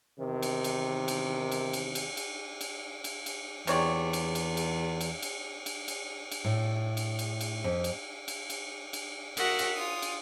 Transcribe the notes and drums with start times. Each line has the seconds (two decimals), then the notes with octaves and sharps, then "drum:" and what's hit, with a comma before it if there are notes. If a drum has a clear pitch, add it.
0.18 E2 C3 D#3
0.42 drum: cymbal
0.64 drum: cymbal
1.08 drum: cymbal
1.52 drum: cymbal
1.73 drum: cymbal
1.95 drum: cymbal
2.17 drum: cymbal
2.61 drum: cymbal
3.04 drum: cymbal
3.26 drum: cymbal
3.67 E2 C3 C#5 D5, drum: cymbal
4.13 drum: cymbal
4.35 drum: cymbal
4.57 drum: cymbal
5.01 drum: cymbal
5.22 drum: cymbal
5.66 drum: cymbal
5.88 drum: cymbal
6.31 drum: cymbal
6.45 A2
6.97 drum: cymbal
7.19 drum: cymbal
7.41 drum: cymbal
7.64 F2
7.84 drum: cymbal
8.28 drum: cymbal
8.50 drum: cymbal
8.93 drum: cymbal
9.37 F#4 A#4 E5 F#5 D#6 F6, drum: cymbal
9.59 drum: cymbal
9.74 F4 D#6
10.02 drum: cymbal